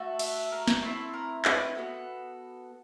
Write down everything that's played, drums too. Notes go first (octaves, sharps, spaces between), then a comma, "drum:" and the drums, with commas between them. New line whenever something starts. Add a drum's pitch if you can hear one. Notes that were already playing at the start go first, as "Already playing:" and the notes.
Already playing: A3 F#4 A4
E5, drum: cymbal
A#4
drum: snare
A3 C4 E4 A4
A#4
B4, drum: clap
B3 D4 F#4 A4